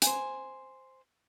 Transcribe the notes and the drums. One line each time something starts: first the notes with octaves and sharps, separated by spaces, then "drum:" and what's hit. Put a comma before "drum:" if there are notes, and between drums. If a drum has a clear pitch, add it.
C5 G#5, drum: hi-hat